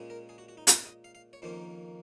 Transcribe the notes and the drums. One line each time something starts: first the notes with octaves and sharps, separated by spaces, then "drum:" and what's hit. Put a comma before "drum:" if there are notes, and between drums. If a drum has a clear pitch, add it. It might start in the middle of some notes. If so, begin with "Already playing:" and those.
Already playing: A#2 G#3 C#4
A#4
G#4
F#4
F#4
D#4
F4, drum: hi-hat
D#5
F5
F5
C#5
F2 D#3 A#3 C#4 C5